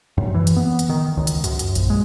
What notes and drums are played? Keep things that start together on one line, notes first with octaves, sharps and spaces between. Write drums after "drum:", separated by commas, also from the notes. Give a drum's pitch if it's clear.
F#2
E3
drum: hi-hat
B3
drum: hi-hat
D#3
C#2
drum: hi-hat
F#2, drum: hi-hat
drum: hi-hat
A#1, drum: hi-hat
G#3